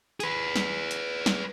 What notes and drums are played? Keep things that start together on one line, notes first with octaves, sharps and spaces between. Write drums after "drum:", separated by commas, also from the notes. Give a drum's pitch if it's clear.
G#4 B4, drum: hi-hat
drum: snare
drum: hi-hat
drum: snare